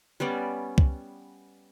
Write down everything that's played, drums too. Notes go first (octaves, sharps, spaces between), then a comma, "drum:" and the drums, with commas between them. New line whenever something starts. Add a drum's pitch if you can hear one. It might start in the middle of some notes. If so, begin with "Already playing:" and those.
G3 B3 C#4 D5
drum: kick